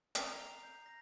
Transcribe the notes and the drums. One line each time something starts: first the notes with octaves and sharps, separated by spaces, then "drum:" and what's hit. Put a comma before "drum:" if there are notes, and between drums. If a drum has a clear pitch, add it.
A#5 F6 C7 F7, drum: hi-hat
C7 F7
G6
A#6